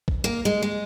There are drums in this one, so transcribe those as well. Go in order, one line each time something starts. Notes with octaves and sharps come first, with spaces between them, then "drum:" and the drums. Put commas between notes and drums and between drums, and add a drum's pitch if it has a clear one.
drum: kick
A#3
G#3
G#3